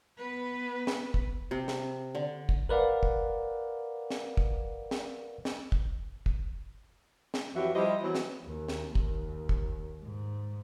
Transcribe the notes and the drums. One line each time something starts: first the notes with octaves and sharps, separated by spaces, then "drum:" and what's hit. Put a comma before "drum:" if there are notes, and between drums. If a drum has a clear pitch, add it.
B3 B4
drum: snare
drum: kick
C3
drum: snare
D3
drum: kick
A#4 B4 D5 F5 F#5
drum: kick
drum: snare
drum: kick
drum: snare
drum: snare
drum: kick
drum: kick
drum: snare
F2 E3 F#3 F#4 G4 E5
F3 G3 E4 G4 C5 D#5
E3 F#3 B3
drum: snare
D#2
drum: snare
D#2, drum: kick
drum: kick
G#2